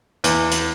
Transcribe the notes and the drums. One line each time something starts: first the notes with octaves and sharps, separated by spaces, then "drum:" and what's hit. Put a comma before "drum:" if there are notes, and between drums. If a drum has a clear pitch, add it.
E2, drum: hi-hat
drum: hi-hat